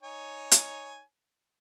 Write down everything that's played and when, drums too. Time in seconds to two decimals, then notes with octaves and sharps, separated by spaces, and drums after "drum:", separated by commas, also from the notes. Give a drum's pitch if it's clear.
0.02 D#4 C#5 G#5
0.51 drum: hi-hat